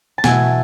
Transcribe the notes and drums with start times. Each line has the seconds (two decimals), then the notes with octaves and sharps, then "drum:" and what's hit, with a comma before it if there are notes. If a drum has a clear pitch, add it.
0.18 A5
0.24 B2 F#3 A3 E4 G#5, drum: snare